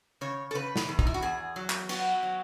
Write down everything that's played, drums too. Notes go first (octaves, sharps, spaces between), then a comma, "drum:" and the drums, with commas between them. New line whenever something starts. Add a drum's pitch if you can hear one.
C#3 C#5
A4
C#3 B4
drum: snare
E2
D#4, drum: kick
E4
F#4
E2 G#4
F#3
drum: clap
B3 F#4, drum: cymbal
F#3